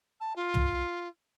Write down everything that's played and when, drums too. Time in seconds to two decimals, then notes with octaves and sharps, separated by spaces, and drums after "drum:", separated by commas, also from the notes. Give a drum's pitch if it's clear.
0.20 A5
0.35 F4
0.54 drum: tom